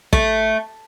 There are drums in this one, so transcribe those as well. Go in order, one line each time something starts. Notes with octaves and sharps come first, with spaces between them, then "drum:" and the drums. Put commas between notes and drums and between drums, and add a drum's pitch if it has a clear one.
A3, drum: kick